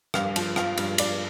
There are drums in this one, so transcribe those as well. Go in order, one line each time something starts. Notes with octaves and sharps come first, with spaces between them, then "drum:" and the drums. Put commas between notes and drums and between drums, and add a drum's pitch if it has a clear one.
G2 F5, drum: rim click
F3, drum: cymbal
F3 F5, drum: rim click
G2, drum: cymbal
G2 D5, drum: cymbal